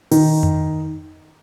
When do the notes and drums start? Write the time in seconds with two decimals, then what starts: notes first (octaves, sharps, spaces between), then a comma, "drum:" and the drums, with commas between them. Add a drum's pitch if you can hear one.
0.11 D#3, drum: open hi-hat
0.43 drum: tom F2